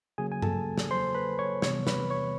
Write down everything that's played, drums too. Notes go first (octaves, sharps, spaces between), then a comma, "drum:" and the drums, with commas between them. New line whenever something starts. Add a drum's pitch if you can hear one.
C#3 F#3 A#3 G#4 G#5
G#5
A4 A5, drum: tom G2
drum: snare
C5 C6
B4 B5
C#5 C#6
C3 E3 G3 B3 C#5 C#6, drum: snare
B4 B5, drum: snare
C#5 C#6